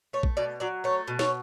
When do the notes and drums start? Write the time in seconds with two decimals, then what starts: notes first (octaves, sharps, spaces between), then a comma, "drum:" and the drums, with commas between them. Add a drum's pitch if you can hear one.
0.13 A3 C#5
0.23 drum: kick A#1
0.37 B2 D5
0.60 F#3 D5
0.84 A3 C#5
1.08 B2
1.19 C#5, drum: snare